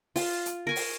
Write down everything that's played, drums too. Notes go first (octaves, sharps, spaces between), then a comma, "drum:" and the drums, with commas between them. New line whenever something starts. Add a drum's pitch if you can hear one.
F4, drum: open hi-hat
drum: hi-hat
A#4 G#5 C#6
drum: open hi-hat